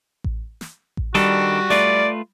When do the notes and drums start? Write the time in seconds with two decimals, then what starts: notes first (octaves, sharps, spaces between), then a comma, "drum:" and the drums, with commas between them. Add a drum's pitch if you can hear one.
0.24 drum: kick A1
0.61 drum: snare
0.97 drum: kick A1
1.15 D#3 G3 D4 F#4 A4, drum: snare
1.70 A3 F4 B4 D5, drum: snare